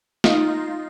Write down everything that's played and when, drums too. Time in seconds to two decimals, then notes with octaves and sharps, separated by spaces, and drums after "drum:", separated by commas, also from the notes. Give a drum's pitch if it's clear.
0.24 D#4 F4, drum: snare